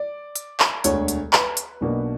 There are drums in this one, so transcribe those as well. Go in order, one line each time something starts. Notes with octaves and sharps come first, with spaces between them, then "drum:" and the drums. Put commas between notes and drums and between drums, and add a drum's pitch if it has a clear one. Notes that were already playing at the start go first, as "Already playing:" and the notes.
Already playing: D5
drum: hi-hat
drum: clap
E1 D2 D3 C#5, drum: hi-hat
drum: hi-hat
B4, drum: clap
drum: hi-hat
B1 B2 A#3 D4